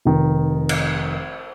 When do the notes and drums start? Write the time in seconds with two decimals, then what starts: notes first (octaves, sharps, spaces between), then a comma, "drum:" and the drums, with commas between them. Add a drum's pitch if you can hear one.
0.05 F1 D#3
0.69 drum: cymbal